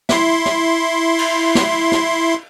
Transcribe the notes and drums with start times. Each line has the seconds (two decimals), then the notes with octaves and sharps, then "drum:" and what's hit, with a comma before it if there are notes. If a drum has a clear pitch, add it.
0.09 E4 C6, drum: snare
0.45 drum: snare
1.19 drum: cymbal
1.55 drum: snare
1.92 drum: snare